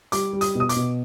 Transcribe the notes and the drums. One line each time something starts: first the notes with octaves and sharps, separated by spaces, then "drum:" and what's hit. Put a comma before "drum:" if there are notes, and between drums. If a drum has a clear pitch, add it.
G3 D6, drum: hi-hat
G3
D#6, drum: hi-hat
B2 D#6
D6, drum: hi-hat
B2